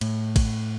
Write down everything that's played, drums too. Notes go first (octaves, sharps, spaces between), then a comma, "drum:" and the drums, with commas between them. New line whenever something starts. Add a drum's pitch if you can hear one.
A2, drum: cymbal
drum: kick A1, cymbal